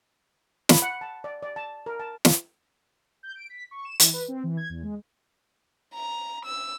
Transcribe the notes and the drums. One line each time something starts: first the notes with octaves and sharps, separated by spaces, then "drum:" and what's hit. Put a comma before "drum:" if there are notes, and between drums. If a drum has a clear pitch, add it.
B5, drum: snare
F#5
A5
D5
D5
A5
A#4
A5
drum: snare
G6
D7
B6
C#6
E7
E3, drum: hi-hat
B4
C4
E3
G#6
E2
G#3
A#5
E6